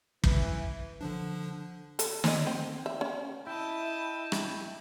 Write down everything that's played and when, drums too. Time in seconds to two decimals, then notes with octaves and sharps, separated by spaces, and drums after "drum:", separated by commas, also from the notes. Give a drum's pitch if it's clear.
0.24 E3, drum: kick
1.01 D3 F3 D4
1.99 A4, drum: hi-hat
2.24 C4 D#5, drum: snare
2.47 C4
2.86 E5
3.01 C#4
3.47 E4 D#5 G5 A5
4.32 drum: rim click